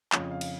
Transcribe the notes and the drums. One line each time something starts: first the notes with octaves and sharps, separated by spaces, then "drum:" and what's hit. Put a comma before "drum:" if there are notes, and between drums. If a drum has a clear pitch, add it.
F2 C#3 F3 C#5, drum: clap
F5
drum: cymbal